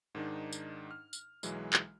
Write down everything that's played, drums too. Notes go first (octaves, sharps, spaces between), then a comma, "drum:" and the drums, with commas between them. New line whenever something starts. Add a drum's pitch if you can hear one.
G#2 D#3 D4 D#4
drum: tambourine
F6
drum: tambourine
B1 E3 F#3 G#3, drum: tambourine
drum: clap